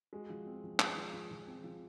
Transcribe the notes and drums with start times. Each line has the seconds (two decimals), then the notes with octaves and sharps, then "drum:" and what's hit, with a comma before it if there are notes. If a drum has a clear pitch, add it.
0.13 G#3 F#4
0.30 F3
0.47 C4
0.64 F3
0.80 F3 G#3, drum: clap
0.97 F3
1.13 F3
1.31 F3
1.48 C4
1.64 F3